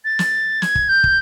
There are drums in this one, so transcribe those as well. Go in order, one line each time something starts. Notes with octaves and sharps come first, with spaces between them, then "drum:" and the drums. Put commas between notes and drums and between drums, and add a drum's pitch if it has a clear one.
A6
drum: snare
G#6, drum: snare
drum: kick
G6
drum: kick